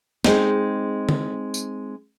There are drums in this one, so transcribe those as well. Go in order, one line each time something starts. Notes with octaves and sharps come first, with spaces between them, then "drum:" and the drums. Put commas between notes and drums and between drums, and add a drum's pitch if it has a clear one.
G#3 C4 D#4, drum: snare
drum: tom D3
drum: tambourine